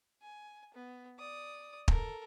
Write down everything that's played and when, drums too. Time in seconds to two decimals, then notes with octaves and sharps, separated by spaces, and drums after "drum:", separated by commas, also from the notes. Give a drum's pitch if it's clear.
0.22 G#5
0.74 B3
1.19 D5 D#6
1.88 A4 A#4, drum: kick